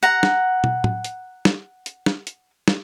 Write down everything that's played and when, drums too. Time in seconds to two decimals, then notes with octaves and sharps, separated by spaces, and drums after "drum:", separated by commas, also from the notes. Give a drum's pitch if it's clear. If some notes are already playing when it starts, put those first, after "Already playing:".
0.03 F#5 A#5
0.23 drum: snare
0.64 drum: tom
0.84 drum: tom
1.04 drum: hi-hat
1.45 drum: snare
1.86 drum: hi-hat
2.06 drum: snare
2.27 drum: hi-hat
2.68 drum: snare